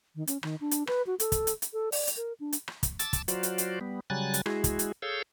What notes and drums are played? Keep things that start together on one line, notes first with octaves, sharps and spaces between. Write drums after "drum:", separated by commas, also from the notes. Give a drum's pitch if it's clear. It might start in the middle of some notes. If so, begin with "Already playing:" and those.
D#3
C#4, drum: hi-hat
D#3, drum: rim click
D4
drum: hi-hat
B4, drum: rim click
F#4
A4, drum: hi-hat
drum: kick, hi-hat
drum: hi-hat
drum: hi-hat
A4
D5, drum: open hi-hat
drum: hi-hat
A#4
D4
drum: hi-hat
drum: rim click
drum: kick, hi-hat
A5 D6 E6 A6, drum: hi-hat
drum: kick, hi-hat
F#3 F4 F#4 C5 D5, drum: hi-hat
drum: hi-hat
drum: hi-hat
G3 B3
C#3 F#3 G3 G#5 F#6 A6
drum: hi-hat
G#3 E4 F#4 G#4, drum: rim click
drum: kick, hi-hat
drum: hi-hat
G#4 A4 C#5 F5 E6 G6